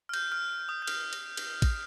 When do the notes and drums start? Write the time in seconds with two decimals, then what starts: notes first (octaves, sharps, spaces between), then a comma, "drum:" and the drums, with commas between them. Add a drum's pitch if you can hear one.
0.09 F6
0.14 G6, drum: cymbal
0.32 F6
0.69 D#6
0.82 G6
0.87 F6, drum: cymbal
1.13 drum: cymbal
1.37 drum: cymbal
1.62 drum: kick, cymbal